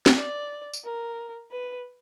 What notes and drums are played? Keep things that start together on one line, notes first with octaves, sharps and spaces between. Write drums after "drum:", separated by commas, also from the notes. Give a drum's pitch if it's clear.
drum: snare
D5
drum: tambourine
A#4
B4